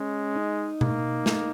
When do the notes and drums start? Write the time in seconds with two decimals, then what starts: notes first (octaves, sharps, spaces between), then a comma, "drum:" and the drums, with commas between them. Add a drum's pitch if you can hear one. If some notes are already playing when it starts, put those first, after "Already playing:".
Already playing: G#3 C#4
0.36 D#4
0.81 A#3, drum: tom B2
1.26 drum: snare